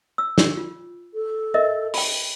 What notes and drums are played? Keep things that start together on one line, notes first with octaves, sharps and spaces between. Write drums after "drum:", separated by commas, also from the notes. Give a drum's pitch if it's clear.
E6
drum: snare
F4
A4
A#4 D#5 E5
G5 B5, drum: open hi-hat